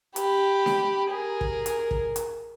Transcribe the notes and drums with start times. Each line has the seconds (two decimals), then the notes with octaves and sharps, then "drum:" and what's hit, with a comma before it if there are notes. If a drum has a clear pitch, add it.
0.16 G4 B5, drum: hi-hat
0.66 drum: snare D4
1.10 G#4 A#4
1.41 drum: kick
1.66 drum: hi-hat
1.91 drum: kick
2.16 drum: hi-hat